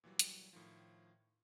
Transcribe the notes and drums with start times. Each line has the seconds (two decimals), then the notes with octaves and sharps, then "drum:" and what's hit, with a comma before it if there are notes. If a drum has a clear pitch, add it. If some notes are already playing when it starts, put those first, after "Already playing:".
0.04 A#2 E3 F#3 G3
0.19 drum: hi-hat
0.53 A2 D#3 F3